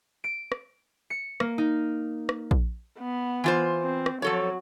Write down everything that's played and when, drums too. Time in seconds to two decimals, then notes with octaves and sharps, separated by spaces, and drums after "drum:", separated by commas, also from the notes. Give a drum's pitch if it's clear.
0.24 D7
0.52 drum: rim click
1.10 C#7
1.40 A#3, drum: rim click
1.58 D#4
2.29 drum: rim click
2.51 drum: kick A#1
2.99 B3
3.44 E3 F4 C5
3.83 C4
4.06 drum: rim click
4.22 F3 F#3 A4 C#5